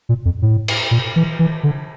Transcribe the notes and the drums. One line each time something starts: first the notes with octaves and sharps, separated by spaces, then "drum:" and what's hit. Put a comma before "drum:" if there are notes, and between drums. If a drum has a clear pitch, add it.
A#2
F2
A2
drum: cymbal
A#2
E3
E3
D3